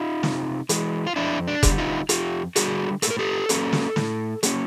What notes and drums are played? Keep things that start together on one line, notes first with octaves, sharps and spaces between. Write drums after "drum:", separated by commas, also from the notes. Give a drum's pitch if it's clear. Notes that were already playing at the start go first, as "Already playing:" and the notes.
Already playing: D#4 F4
C3, drum: snare
E3 G#3, drum: hi-hat
F4
F2 D4 E4
D4
D3 G3, drum: kick F1, hi-hat
D#4 F4
F2 F4 G4, drum: hi-hat
D3 G3 F#4 G#4, drum: hi-hat
A2 A4, drum: hi-hat
A#4
G4 A4
F#3 A#3 C#4, drum: hi-hat
drum: snare
A2, drum: snare
F#3 A#3 C#4, drum: hi-hat